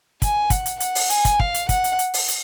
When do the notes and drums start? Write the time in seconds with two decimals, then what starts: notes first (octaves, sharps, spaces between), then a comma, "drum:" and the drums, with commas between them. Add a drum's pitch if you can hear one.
0.22 G#5, drum: kick, hi-hat
0.50 F#5, drum: kick, hi-hat
0.66 drum: hi-hat
0.80 F#5, drum: hi-hat
0.95 drum: open hi-hat
1.10 G#5, drum: hi-hat
1.25 drum: kick, hi-hat
1.40 F5, drum: kick
1.54 drum: hi-hat
1.69 F#5, drum: kick, hi-hat
1.84 drum: hi-hat
1.99 drum: hi-hat
2.14 drum: open hi-hat
2.28 drum: hi-hat